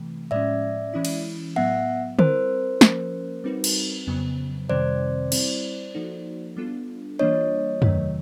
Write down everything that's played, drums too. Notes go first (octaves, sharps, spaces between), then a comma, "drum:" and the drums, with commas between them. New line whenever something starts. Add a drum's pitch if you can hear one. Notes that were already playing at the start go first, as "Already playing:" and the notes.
Already playing: C3 E3 A3
A2 F3 G#3 C#4 D5 E5
E3 G#3 C#4 E4
drum: cymbal
A2 F#3 B3 E5 F#5
G3 C4 E4 A#4 C5, drum: tom D3
F3 A#3 C#4, drum: snare
G3 C4 D#4 F#4 B4
drum: cymbal
F2 C#3 F#3 B3
F2 C3 D#3 G3 C4 C5 D5
G3 C4 E4, drum: cymbal
F3 A#3 D#4 F#4 A4
G3 B3 D4 F4 A4
E3 G3 A#3 D4 F4 C#5 D#5
E2 C3 D#3 F#3 A3, drum: tom F#2